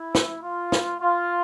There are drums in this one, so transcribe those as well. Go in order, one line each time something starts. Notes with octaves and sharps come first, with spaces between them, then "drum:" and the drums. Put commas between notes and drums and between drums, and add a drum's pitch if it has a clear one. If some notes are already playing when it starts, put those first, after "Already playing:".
Already playing: E4
drum: snare
F4
drum: snare
F4